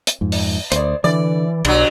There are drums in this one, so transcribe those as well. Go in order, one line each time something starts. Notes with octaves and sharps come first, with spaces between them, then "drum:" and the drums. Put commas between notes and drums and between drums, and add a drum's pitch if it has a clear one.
drum: hi-hat
F2 G#2
drum: open hi-hat
D2 C5 D5, drum: hi-hat
D3 E3 D5
B1 G2 F#3, drum: cymbal